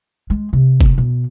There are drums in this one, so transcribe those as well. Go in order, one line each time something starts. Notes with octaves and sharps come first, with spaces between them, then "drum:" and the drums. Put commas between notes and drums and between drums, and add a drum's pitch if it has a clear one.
G#3
C3
drum: kick
B2